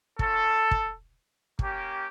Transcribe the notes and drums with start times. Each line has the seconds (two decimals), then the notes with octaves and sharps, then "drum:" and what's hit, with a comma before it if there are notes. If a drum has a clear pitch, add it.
0.19 C#4 F4 A4, drum: kick
0.71 drum: kick
1.59 A#3 C#4 G4, drum: kick